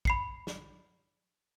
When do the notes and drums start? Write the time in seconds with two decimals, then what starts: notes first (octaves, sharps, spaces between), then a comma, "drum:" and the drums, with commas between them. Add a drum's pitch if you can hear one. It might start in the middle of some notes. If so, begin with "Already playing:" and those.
0.05 B5 C7 C#7, drum: kick A1
0.47 drum: snare